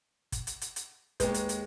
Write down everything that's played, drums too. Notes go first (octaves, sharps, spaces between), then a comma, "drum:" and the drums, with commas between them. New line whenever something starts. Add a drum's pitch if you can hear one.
drum: kick, hi-hat
drum: hi-hat
drum: hi-hat
drum: hi-hat
D#2 G#3 B4, drum: kick, hi-hat
drum: hi-hat
drum: hi-hat